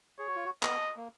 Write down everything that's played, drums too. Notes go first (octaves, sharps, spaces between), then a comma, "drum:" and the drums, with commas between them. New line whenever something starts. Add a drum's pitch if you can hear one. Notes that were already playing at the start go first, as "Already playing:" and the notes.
G#4 C#5
F#4
F4
F#4
B3 D#5, drum: clap
A#3